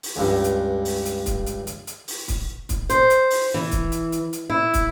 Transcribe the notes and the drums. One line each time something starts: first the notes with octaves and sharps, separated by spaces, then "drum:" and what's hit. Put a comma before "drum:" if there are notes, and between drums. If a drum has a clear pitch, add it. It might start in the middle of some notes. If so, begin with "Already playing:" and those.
drum: open hi-hat
C#2 G2
drum: hi-hat
drum: open hi-hat
drum: hi-hat
drum: kick, hi-hat
drum: hi-hat
drum: hi-hat
drum: hi-hat
drum: open hi-hat
drum: kick, hi-hat
drum: kick, hi-hat
C5, drum: hi-hat
drum: hi-hat
drum: open hi-hat
E3
drum: kick, hi-hat
drum: hi-hat
drum: hi-hat
drum: hi-hat
E4
drum: kick, hi-hat